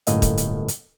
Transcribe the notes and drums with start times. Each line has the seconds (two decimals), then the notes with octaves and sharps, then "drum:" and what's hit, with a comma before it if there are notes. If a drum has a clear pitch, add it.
0.07 G1 F#2 A2 A#3 D#5 F5, drum: hi-hat
0.22 drum: kick, hi-hat
0.37 drum: hi-hat
0.68 drum: hi-hat